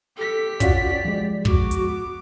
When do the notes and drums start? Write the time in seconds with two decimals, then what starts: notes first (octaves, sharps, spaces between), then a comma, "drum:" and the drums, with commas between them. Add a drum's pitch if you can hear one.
0.17 G4 A4 B6
0.60 C#4 F4 F#4 D5, drum: kick, hi-hat
1.05 F3 G#3
1.45 B3 F#4 D6, drum: kick
1.71 drum: hi-hat